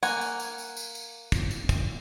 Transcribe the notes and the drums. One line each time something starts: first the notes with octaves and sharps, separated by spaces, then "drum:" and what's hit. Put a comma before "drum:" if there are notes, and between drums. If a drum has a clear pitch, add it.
A#3 F#5 G#5, drum: tambourine
drum: tambourine
drum: tambourine
drum: tambourine
drum: tambourine
drum: tambourine
drum: kick, tambourine
drum: tambourine
drum: kick, tambourine